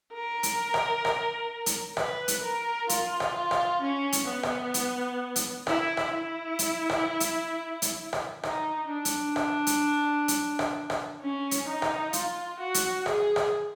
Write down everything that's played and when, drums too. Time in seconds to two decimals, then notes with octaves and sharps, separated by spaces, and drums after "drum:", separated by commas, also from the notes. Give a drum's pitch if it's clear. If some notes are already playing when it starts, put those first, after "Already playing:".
0.13 A#4
0.43 drum: hi-hat
0.74 drum: rim click
1.05 drum: rim click
1.66 drum: hi-hat
1.97 B4, drum: rim click
2.28 drum: hi-hat
2.43 A#4
2.89 F4, drum: hi-hat
3.20 drum: rim click
3.35 F4
3.51 drum: rim click
3.82 C#4
4.12 drum: hi-hat
4.28 B3
4.43 drum: rim click
4.74 drum: hi-hat
5.36 drum: hi-hat
5.67 E4, drum: rim click
5.97 drum: rim click
6.12 E4
6.59 drum: hi-hat
6.90 drum: rim click
7.20 drum: hi-hat
7.82 drum: hi-hat
8.13 drum: rim click
8.43 D#4, drum: rim click
8.89 D4
9.05 drum: hi-hat
9.36 drum: rim click
9.67 drum: hi-hat
10.28 drum: hi-hat
10.59 drum: rim click
10.90 drum: rim click
11.21 C#4
11.51 drum: hi-hat
11.67 D#4
11.82 drum: rim click
12.13 F4, drum: hi-hat
12.59 F#4
12.74 drum: hi-hat
13.06 G#4, drum: rim click
13.36 drum: rim click